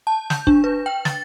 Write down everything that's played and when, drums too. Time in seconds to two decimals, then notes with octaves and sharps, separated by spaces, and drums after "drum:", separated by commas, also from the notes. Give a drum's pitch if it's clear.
0.07 A5
0.30 G6, drum: snare
0.47 D4, drum: kick
0.64 B4
0.86 G5
1.05 A6, drum: snare